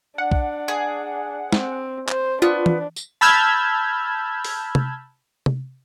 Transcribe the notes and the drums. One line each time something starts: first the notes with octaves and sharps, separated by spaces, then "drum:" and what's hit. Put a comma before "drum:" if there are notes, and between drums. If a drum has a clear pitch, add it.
D4 F#5
drum: kick B1
G#4
C4, drum: snare
C5, drum: clap
B3 D4 F4
drum: tom
drum: tambourine
A5 B5 E6 F6 G6 G#6
drum: open hi-hat
drum: tom C3
drum: tom C3